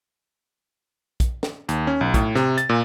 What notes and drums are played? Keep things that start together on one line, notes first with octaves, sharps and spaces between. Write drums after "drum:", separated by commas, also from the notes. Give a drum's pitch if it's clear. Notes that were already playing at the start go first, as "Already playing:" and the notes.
drum: kick, hi-hat
drum: snare
D#2, drum: hi-hat
C#4
B1
A2, drum: kick, hi-hat
C3, drum: snare
A6, drum: hi-hat
A#2